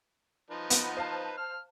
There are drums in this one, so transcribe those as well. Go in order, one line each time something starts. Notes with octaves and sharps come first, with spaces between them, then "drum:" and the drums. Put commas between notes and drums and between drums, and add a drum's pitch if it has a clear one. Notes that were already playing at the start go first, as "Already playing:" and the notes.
F3 D#4 B4
B3, drum: hi-hat
C5 F5 A5
F6